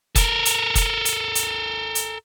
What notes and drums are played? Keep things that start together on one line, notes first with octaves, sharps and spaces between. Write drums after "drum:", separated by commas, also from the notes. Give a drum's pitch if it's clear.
A4 A#4, drum: kick, hi-hat
drum: hi-hat
drum: kick, hi-hat
drum: hi-hat
drum: hi-hat
drum: hi-hat